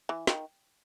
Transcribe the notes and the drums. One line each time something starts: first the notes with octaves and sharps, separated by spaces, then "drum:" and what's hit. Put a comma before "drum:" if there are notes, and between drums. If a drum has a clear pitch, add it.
E3
D#3, drum: snare